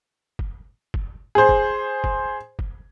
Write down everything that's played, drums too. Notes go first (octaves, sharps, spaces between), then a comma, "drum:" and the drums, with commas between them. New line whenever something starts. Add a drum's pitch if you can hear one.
drum: kick
drum: kick
G#4 C5
drum: kick
drum: kick
drum: kick